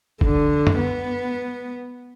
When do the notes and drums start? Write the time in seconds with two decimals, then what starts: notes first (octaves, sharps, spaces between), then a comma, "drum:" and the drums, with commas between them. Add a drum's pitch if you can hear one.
0.21 D3, drum: kick
0.67 drum: tom F#2
0.78 B3